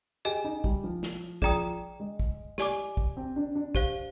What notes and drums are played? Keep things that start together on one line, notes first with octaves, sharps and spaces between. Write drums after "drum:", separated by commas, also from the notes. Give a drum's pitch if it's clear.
G4 G#4 D#5 G#5
D#4
G3, drum: kick
F3
drum: snare
F3 G#4 D5 G5 A#5 D#6, drum: kick
G#3
drum: kick
G4 D5 G#5 D6, drum: snare
drum: kick
C4
D4
D4
G4 C5 F5, drum: kick